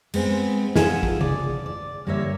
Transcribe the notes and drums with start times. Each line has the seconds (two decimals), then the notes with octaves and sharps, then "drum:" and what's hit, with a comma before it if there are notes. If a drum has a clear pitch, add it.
0.14 G#3 B3 C4 G#4, drum: cymbal
0.75 F3 F4 G#4 A4 F#5 A5, drum: snare
1.03 drum: kick
1.21 D5, drum: tom C3
1.66 D5
2.07 G2 D3 A#3 A#4 C#5 E5